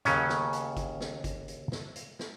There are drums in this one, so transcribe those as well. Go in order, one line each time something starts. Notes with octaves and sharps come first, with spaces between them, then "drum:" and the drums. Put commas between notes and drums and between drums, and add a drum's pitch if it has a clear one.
D#2 C#3 F#3 C#4, drum: hi-hat
drum: snare
drum: hi-hat
drum: kick, hi-hat
drum: snare
drum: kick, hi-hat
drum: hi-hat
drum: snare
drum: hi-hat
drum: snare